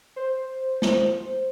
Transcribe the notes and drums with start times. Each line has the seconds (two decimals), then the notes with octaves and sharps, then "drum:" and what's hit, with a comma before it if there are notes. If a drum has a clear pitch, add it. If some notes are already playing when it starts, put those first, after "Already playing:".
0.16 C5
0.82 drum: snare